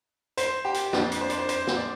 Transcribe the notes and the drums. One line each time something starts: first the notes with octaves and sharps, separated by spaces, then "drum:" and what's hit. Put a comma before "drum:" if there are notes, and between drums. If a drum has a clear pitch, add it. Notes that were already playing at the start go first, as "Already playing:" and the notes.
C5, drum: hi-hat
G4
drum: hi-hat
F2 F3 D4, drum: snare
drum: hi-hat
C5
D5, drum: hi-hat
C5
C5, drum: hi-hat
drum: snare
D5